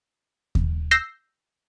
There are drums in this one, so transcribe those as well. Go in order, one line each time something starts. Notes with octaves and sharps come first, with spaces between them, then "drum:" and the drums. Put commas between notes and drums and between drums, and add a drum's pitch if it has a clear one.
drum: kick D#2
E6 G6 A#6 C7